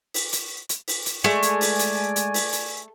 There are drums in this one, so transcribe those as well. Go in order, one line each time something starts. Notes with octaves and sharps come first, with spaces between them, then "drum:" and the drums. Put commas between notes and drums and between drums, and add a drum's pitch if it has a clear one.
drum: open hi-hat
drum: hi-hat
drum: hi-hat
drum: open hi-hat
drum: hi-hat
G#3 A3 D5 G#5
drum: hi-hat
drum: open hi-hat
drum: hi-hat
drum: hi-hat
drum: open hi-hat
drum: hi-hat